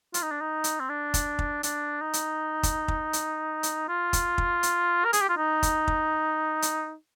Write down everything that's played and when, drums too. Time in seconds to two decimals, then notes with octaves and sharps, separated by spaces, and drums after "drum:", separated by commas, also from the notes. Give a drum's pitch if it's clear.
0.14 F4, drum: hi-hat
0.22 D#4
0.31 D4
0.41 D#4
0.64 drum: hi-hat
0.80 C4
0.89 D4
1.14 drum: kick, hi-hat
1.39 drum: kick
1.63 D4, drum: hi-hat
2.01 D#4
2.13 drum: hi-hat
2.63 drum: kick, hi-hat
2.88 drum: kick
3.13 drum: hi-hat
3.63 drum: hi-hat
3.88 F4
4.13 drum: kick, hi-hat
4.38 drum: kick
4.63 drum: hi-hat
5.05 A#4
5.13 G#4, drum: hi-hat
5.21 G4
5.29 F4
5.37 D#4
5.63 drum: kick, hi-hat
5.88 drum: kick
6.62 drum: hi-hat